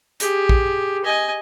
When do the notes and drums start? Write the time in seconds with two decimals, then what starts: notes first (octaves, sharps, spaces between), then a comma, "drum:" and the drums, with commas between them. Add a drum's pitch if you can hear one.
0.20 G4 G#4, drum: hi-hat
0.49 drum: kick A#1
1.04 D#5 G#5